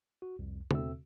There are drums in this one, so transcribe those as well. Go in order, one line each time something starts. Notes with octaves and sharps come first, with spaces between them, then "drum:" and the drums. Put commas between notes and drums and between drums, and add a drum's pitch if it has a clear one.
F#4
C2 F2
D#2 B2 C4 A4 E5 E6, drum: tom